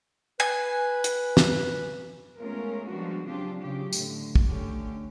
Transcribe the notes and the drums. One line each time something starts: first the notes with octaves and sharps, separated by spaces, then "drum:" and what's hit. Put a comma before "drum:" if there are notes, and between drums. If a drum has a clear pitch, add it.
B4 G#5
drum: hi-hat
drum: snare
G#3 A3 B3 C#4 F4 A#4
F3 G3 G#3 B3 D4 F#4
C#3 F#3 C4 D4 F4 G4
C#3 F#3 G4
A2 D3, drum: tambourine
drum: kick
D3 A3 C#4 G4